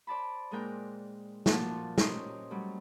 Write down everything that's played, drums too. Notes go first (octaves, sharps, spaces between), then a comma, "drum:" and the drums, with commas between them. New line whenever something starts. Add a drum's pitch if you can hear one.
C5 D5 A5 B5
A#2 G#3 D4 A#4 G5
A#2 F3 F#4 A5, drum: snare
C#4 G4 A#4 C5 D#5, drum: snare
F#3 G3 A3